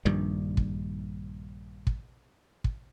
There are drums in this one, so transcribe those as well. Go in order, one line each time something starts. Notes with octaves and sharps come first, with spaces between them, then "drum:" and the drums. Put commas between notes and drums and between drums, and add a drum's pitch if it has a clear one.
A#1 G2 D#3 G3
drum: kick
drum: kick
drum: kick